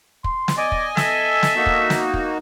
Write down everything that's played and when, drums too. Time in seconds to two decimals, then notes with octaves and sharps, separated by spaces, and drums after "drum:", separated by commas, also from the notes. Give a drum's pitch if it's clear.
0.24 C6, drum: kick
0.48 drum: snare
0.57 D5 D#5 G#5
0.72 drum: kick
0.97 A4 E5, drum: snare
1.43 drum: snare
1.56 A#3 D#4 F#4
1.66 drum: kick
1.90 drum: snare
2.14 drum: kick